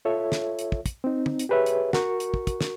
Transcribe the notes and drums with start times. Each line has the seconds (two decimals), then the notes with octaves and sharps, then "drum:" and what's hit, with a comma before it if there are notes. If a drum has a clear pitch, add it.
0.05 F4 A4 C#5 E5
0.32 drum: snare
0.59 drum: hi-hat
0.72 drum: kick
0.86 drum: kick, hi-hat
1.04 C4 D#4
1.26 drum: tom
1.39 drum: hi-hat
1.49 G4 G#4 B4 C#5 E5
1.66 drum: hi-hat
1.93 F#4 A#4 C#6, drum: snare
2.20 drum: hi-hat
2.34 drum: kick
2.47 drum: kick, hi-hat
2.61 drum: snare